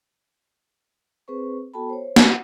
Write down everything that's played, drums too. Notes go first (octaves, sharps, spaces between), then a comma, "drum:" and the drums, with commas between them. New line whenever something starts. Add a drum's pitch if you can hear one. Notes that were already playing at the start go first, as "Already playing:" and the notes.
C4 G#4 B4 C5 C#6
B3 F#4 A4 G5 A5 B5
C5 C#5
F#4 F#5, drum: snare